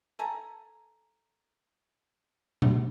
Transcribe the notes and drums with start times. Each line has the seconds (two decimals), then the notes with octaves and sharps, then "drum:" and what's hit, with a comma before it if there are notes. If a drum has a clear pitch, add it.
0.19 A4 G#5 A#5
2.62 drum: tom B2